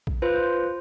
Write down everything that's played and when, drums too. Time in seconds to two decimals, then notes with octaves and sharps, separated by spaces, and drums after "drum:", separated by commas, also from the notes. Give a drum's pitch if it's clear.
0.07 drum: kick A#1
0.22 F4 B4 C5